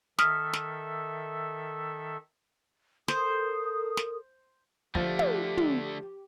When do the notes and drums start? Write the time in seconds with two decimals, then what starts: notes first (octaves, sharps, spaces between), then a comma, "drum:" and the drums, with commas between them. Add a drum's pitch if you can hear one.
0.19 D#3 A4 E5 D#6 F6 B6, drum: snare
0.53 drum: snare
3.08 A4 A#4 C5 D#6, drum: snare
3.97 drum: snare
4.95 D3 F3 A3 G4, drum: kick
5.19 drum: tom
5.57 drum: tom